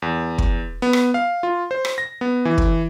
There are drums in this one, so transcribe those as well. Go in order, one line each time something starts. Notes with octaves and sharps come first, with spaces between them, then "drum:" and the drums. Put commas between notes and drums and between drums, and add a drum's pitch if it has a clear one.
E2
drum: kick
B3
drum: rim click
F5
F4
C5
drum: rim click
A#6
B3
E3
drum: kick